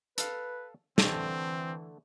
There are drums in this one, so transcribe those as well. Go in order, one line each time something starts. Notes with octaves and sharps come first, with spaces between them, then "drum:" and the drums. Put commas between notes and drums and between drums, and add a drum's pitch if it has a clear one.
A4 B4 F5, drum: hi-hat
D3 E3 A3 C4, drum: snare